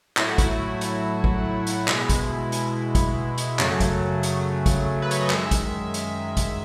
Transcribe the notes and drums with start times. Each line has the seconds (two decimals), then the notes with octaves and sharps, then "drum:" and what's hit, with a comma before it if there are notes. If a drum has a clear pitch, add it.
0.17 A2 F#3 A3 E4, drum: clap
0.28 F#4
0.38 E4, drum: kick, hi-hat
0.81 drum: hi-hat
1.24 drum: kick
1.67 drum: hi-hat
1.88 B2 G#3, drum: clap
2.09 drum: kick, hi-hat
2.52 drum: hi-hat
2.95 drum: kick, hi-hat
3.38 drum: hi-hat
3.59 F#2 C#3 F#3 A3, drum: clap
3.80 drum: kick, hi-hat
4.23 drum: hi-hat
4.66 drum: kick, hi-hat
5.02 B4
5.11 C#5, drum: hi-hat
5.20 D#5
5.30 F#2 D#3 G#3 E5, drum: clap
5.51 drum: kick, hi-hat
5.94 drum: hi-hat
6.37 drum: kick, hi-hat